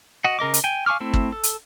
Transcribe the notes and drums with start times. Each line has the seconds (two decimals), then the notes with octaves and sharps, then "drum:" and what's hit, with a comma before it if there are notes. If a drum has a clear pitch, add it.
0.24 F#4 D#5 F#5
0.39 C#3 A#4 D#5 D6
0.54 drum: hi-hat
0.64 G5 G#5
0.86 F5 G#5 C#6 D6 F6
1.00 A3 C4 E4
1.14 drum: kick
1.32 A4
1.43 drum: hi-hat